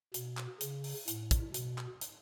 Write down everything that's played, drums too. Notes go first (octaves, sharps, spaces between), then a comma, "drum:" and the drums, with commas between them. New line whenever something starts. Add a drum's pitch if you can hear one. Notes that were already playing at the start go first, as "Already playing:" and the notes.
B2, drum: hi-hat
drum: clap
C#3, drum: hi-hat
drum: open hi-hat
A2, drum: hi-hat
drum: kick, hi-hat
B2, drum: hi-hat
drum: clap
drum: hi-hat